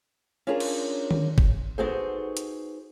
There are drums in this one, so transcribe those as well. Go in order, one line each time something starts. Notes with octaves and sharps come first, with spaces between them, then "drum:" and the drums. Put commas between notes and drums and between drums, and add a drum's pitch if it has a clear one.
C#4 D4 F4 G#4 A#4 A#5
drum: cymbal
drum: tom D#3
drum: kick G1
B3 D#4 F#4 G#4 A4 C5
drum: hi-hat